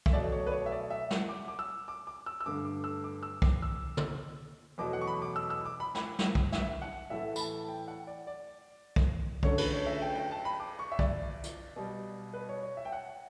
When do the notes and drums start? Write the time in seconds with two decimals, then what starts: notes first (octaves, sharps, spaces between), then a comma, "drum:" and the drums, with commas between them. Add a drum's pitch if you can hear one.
0.06 E5, drum: kick
0.13 B2 F#3 A3 D5
0.32 C#5
0.46 B4
0.52 C#5
0.66 E5
0.72 D5
0.90 E5
1.11 F#5, drum: snare
1.29 D6
1.48 D6
1.59 E6
1.88 D6
2.07 D6
2.26 E6
2.41 E6
2.46 G2 D3 A3 D6
2.65 D6
2.84 E6
3.04 D6
3.23 E6
3.42 D6, drum: kick
3.62 E6
3.97 drum: tom
4.78 E2 B2 F#3 A3 D6
4.93 F#5
5.01 C#6
5.07 B5
5.22 D6
5.36 E6
5.50 E6
5.66 D6
5.80 B5
5.95 B5, drum: snare
6.19 drum: snare
6.35 drum: kick
6.52 E5, drum: snare
6.82 F#5
7.10 A2 E3 A3 E5
7.36 B5, drum: tambourine
7.39 A5
7.68 G5
7.88 F#5
8.07 D5
8.27 D5
8.96 drum: kick
9.43 F#2 D3 A3 C#5, drum: kick
9.58 B4, drum: cymbal
9.73 C#5
9.86 E5
10.02 G5
10.15 G5
10.31 A5
10.45 B5
10.60 D6
10.79 C#6
10.92 E5
10.99 D5, drum: kick
11.43 drum: hi-hat
11.76 B2 G3
12.33 B4
12.49 C#5
12.63 C#5
12.77 E5
12.85 G5
12.92 F#5